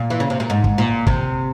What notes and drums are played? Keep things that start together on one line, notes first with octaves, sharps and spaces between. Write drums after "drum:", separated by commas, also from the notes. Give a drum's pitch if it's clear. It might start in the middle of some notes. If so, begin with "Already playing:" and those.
Already playing: A#2
E3
C#3
C3
A#2
G#2
drum: kick
A#2
C3, drum: kick